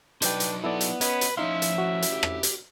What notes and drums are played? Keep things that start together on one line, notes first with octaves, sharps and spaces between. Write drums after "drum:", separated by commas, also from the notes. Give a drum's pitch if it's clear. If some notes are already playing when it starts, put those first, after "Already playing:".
F#3 D4 D#4 B4 C5 G5 G6, drum: hi-hat
drum: hi-hat
B3 E4 A4 D5
drum: hi-hat
C#4 B4 D#5 G#6, drum: hi-hat
drum: hi-hat
F3 C#4 D#4 E4 E5 F5 C6
drum: hi-hat
F#4
drum: hi-hat
G4
drum: rim click
drum: hi-hat